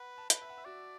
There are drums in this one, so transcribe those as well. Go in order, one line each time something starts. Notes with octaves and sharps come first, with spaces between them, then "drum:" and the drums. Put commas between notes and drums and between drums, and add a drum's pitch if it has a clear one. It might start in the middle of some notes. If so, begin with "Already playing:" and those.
Already playing: B4 F#5
A5
B4, drum: hi-hat
E5
F#5
E5
F#4 D5